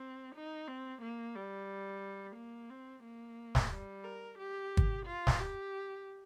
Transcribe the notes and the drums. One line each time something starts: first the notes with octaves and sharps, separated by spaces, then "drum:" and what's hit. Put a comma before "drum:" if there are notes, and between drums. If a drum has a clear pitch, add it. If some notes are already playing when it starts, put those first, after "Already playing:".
Already playing: C4
D#4
C4
A#3
G3
A#3
C4
A#3
drum: snare
G3
A#4
G4
drum: kick
F4
drum: snare
G4